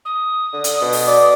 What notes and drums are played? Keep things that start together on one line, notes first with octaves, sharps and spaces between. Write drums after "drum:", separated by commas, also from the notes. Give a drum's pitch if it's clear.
D#6
D3
drum: hi-hat
B2
drum: open hi-hat
D5